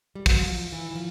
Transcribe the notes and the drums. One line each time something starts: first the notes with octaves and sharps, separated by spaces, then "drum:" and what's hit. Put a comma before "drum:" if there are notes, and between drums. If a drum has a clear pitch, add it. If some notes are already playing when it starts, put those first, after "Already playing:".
G3
F#3, drum: kick, open hi-hat
F3
E3
E3
F3